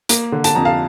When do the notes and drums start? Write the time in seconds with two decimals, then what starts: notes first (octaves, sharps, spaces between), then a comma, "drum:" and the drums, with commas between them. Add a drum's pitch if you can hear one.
0.09 A#3, drum: hi-hat
0.32 D3
0.44 A5, drum: hi-hat
0.55 F2 A#5
0.65 F5 A5